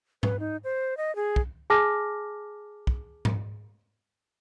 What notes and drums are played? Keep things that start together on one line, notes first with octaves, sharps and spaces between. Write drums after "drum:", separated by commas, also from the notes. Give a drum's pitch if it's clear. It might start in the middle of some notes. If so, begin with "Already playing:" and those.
B4, drum: tom G#2
D#4
C5
D#5
G#4
drum: kick
G#4 G#5 A5 D6 F6 A#6
drum: kick
drum: tom G#2